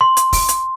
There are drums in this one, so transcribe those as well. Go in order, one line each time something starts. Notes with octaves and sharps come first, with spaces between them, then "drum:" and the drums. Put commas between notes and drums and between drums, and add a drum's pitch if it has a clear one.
C6
drum: hi-hat
drum: kick, open hi-hat
drum: hi-hat